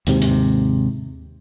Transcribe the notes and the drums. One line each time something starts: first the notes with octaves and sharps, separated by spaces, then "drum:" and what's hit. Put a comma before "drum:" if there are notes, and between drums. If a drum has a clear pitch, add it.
D#2 G#2 C3, drum: hi-hat
drum: hi-hat